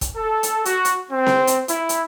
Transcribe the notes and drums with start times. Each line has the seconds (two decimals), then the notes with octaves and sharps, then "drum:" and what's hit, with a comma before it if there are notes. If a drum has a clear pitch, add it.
0.01 drum: kick, hi-hat
0.16 A4
0.43 drum: hi-hat
0.65 F#4, drum: hi-hat
0.85 drum: hi-hat
1.11 C4
1.26 drum: snare C4
1.47 drum: hi-hat
1.68 E4, drum: hi-hat
1.89 drum: hi-hat